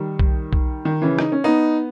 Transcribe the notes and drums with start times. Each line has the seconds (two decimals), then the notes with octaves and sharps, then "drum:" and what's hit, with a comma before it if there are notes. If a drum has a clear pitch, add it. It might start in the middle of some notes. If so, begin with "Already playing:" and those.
Already playing: D#3 G3
0.19 drum: kick B1
0.53 drum: kick B1
0.85 D#3
1.02 C#3 E3
1.19 D#4, drum: rim click
1.32 C#4
1.44 B3 D#4